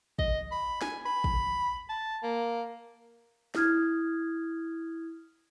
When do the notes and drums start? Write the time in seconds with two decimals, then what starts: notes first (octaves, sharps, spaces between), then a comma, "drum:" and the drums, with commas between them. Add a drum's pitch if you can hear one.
0.19 D#5, drum: kick
0.52 B5
0.81 G#5, drum: snare
1.05 B5
1.24 drum: kick
1.89 A5
2.23 A#3
3.55 E4 D#6 F6 G#6, drum: snare